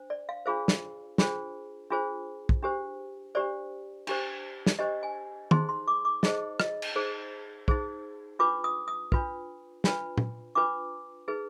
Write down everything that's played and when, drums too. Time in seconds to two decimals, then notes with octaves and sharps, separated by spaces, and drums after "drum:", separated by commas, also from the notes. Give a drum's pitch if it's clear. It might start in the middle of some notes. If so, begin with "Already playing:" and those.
Already playing: D4 C5
0.10 D5
0.29 F5
0.46 D4 F4 G#4 C5 F5
0.68 drum: snare
1.18 D4 F4 G#4 C5, drum: snare
1.90 D4 F4 G#4 C5
2.49 drum: kick
2.63 D4 G4 C5
3.35 D4 G4 C5 D5
4.07 D4 G4 C5, drum: cymbal
4.66 drum: snare
4.79 D4 G4 C5 D#5
5.03 G#5
5.51 D#4 G#4 C5 C6, drum: tom D#3
5.69 C6
5.88 D6
6.05 D6
6.23 D#4 G#4 C5 D#5, drum: snare
6.60 D#5, drum: rim click
6.82 drum: cymbal
6.95 D#4 G#4 C5
7.68 D#4 G#4 C5, drum: kick
8.39 D4 F4 B4 D6
8.64 D#6
8.88 D#6
9.12 D4 F4 B4, drum: kick
9.84 D4 F4 B4, drum: snare
10.17 drum: tom A#2
10.55 D4 F4 B4 D6
11.28 D#4 G#4 B4